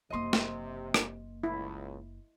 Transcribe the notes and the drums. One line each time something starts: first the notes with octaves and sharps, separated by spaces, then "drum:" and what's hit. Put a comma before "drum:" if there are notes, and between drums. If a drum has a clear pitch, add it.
F#1 C3 A#3 D#5 C6 D#6
drum: snare
drum: rim click
C#2 E4